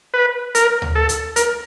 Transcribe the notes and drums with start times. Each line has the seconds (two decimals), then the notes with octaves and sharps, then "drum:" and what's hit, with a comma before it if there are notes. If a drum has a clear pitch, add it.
0.14 B4
0.55 A#4, drum: hi-hat
0.82 drum: tom
0.95 A4
1.09 drum: hi-hat
1.36 A#4, drum: hi-hat